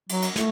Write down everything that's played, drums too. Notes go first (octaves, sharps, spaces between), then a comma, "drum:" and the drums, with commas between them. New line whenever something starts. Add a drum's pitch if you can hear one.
F#3, drum: cymbal
drum: cymbal
A3, drum: snare